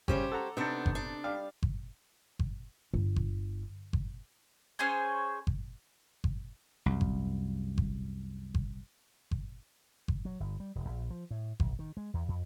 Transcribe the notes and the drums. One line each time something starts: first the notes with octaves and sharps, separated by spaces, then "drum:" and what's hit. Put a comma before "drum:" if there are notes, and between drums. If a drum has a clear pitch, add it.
C#3 G3 C#4 G4 C5 C#5, drum: kick G1
A4 F#5 A#5
C3 B3 D4 D#4 A4
drum: kick G1
D4
G3 F5
drum: kick G1
drum: kick G1
G1
drum: kick G1
drum: kick G1
C#4 G#4 C5 C#5
drum: kick G1
drum: kick G1
C2 F#2
drum: kick G1
drum: kick G1
drum: kick G1
drum: kick G1
drum: kick G1
F#3
G1
G3
E1
A#1
F3
A2
B1, drum: kick G1
D#3
G#3
E2
F2